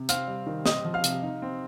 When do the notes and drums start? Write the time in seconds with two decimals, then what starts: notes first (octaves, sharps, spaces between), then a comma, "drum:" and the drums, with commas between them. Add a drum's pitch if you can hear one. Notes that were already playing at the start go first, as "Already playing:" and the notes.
Already playing: C3
0.09 C4 F5 F6, drum: hi-hat
0.28 G3
0.46 D#3
0.66 C4 D#5 D#6, drum: snare
0.85 F3
0.94 F5 F6
1.04 C3, drum: hi-hat
1.23 D#4
1.42 C4